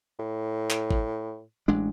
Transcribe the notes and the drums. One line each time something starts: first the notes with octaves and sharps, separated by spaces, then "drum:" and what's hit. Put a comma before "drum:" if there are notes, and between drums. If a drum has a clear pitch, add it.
A2
drum: clap
drum: kick G#1
A1 G#3 D4